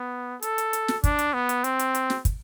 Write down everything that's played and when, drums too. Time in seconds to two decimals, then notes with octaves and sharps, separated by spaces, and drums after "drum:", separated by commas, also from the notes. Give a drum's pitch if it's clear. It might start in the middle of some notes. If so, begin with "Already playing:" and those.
Already playing: B3
0.42 A4, drum: hi-hat
0.58 drum: hi-hat
0.73 drum: hi-hat
0.88 drum: snare
1.04 D4, drum: kick, hi-hat
1.19 drum: hi-hat
1.34 B3
1.49 drum: hi-hat
1.64 C4, drum: hi-hat
1.79 drum: hi-hat
1.95 drum: hi-hat
2.10 drum: snare
2.25 drum: kick, hi-hat